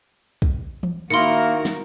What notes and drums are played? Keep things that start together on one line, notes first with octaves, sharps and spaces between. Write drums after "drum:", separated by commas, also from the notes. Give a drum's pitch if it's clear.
drum: kick
drum: tom E3
D#3 A#3 E4 F#4 A#4 C6 C#7
drum: snare